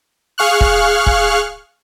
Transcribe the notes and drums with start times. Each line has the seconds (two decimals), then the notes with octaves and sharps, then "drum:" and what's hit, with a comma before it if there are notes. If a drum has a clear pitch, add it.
0.38 G#4 F5 C#6 F6 F#6
0.61 drum: kick
1.07 drum: kick